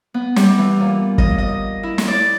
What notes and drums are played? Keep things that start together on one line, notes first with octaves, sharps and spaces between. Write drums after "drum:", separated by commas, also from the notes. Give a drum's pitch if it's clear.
B3
G3, drum: snare
E3
A#2
D#5, drum: kick
D#5
E4
drum: snare
D5